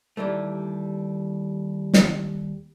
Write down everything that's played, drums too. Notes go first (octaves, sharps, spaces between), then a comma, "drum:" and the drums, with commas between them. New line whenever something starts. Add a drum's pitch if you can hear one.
D#2 E3 G3 A3
drum: snare